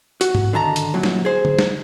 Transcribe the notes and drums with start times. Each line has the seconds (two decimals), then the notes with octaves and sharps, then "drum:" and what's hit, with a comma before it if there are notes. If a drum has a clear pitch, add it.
0.21 F#4, drum: hi-hat
0.35 drum: tom G#2
0.53 D3 D#3 A5 A#5
0.76 drum: hi-hat
0.94 F#2 A#2 F#3
1.03 drum: snare
1.25 G#4 C5
1.45 drum: tom
1.59 drum: snare